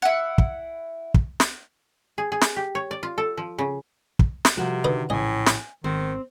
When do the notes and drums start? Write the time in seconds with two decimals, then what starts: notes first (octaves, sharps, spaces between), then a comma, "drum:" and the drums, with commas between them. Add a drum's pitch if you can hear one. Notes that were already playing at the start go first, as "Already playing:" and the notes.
0.02 E4 F#5
0.38 drum: kick
1.14 drum: kick
1.40 drum: snare
2.18 G#4
2.32 G#4
2.41 drum: snare
2.56 G4
2.75 C#5
2.91 D5
3.03 F4
3.18 A4
3.37 F3
3.58 C#3
4.19 drum: kick
4.45 drum: snare
4.57 C3 F3 G3 F#4 A#4
4.84 D3 D#3 A4 B4 D#5
5.10 A#1 A2 C#3 E3 D#5 G#5
5.46 drum: snare
5.84 G#1 D#3 C4